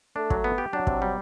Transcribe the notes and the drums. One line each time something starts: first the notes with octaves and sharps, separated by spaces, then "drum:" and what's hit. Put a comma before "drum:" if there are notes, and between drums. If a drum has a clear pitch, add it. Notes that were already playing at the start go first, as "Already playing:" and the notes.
A3 D4
F#3, drum: kick
B3
G4
F#3 D4
C3, drum: kick
G3